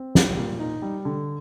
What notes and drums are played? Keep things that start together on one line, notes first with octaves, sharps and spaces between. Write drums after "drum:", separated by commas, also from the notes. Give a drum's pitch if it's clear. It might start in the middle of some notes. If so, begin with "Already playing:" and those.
Already playing: C4
G3, drum: snare
A#2
D#4
G3
D3